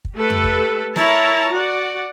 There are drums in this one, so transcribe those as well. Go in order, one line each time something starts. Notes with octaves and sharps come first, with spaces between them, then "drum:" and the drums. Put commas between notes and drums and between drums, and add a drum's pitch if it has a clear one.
drum: kick
A3 G4 A4 B4
drum: tom F2
drum: kick
E4 A#4 C#5 A5 A#5, drum: snare
F#4 D5 F#5